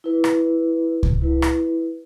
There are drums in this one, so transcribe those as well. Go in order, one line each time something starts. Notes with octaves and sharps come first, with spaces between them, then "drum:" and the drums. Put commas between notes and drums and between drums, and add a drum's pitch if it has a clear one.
E4 B4
drum: rim click
drum: kick C#2
E4 B4
drum: rim click